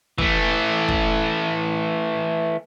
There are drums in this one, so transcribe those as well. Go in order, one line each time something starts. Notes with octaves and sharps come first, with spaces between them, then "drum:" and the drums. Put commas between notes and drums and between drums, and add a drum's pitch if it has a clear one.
E3 A3, drum: kick
drum: kick